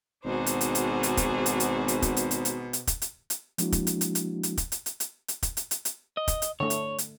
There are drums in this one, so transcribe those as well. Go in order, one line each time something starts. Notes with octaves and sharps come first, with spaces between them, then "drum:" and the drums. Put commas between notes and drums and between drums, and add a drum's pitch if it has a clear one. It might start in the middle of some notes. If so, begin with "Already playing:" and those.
G#1 B2 D4 D#4 F#4 G#4 C5
drum: hi-hat
drum: hi-hat
drum: hi-hat
drum: hi-hat
drum: kick, hi-hat
drum: hi-hat
drum: hi-hat
drum: hi-hat
drum: kick, hi-hat
drum: hi-hat
drum: hi-hat
drum: hi-hat
drum: hi-hat
drum: kick, hi-hat
drum: hi-hat
drum: hi-hat
F3 G#3 A#3 D4 E4 F#4, drum: hi-hat
drum: kick, hi-hat
drum: hi-hat
drum: hi-hat
drum: hi-hat
drum: hi-hat
drum: kick, hi-hat
drum: hi-hat
drum: hi-hat
drum: hi-hat
drum: hi-hat
drum: kick, hi-hat
drum: hi-hat
drum: hi-hat
drum: hi-hat
D#5
drum: kick, hi-hat
drum: hi-hat
D3 A3 C#5
drum: hi-hat
drum: hi-hat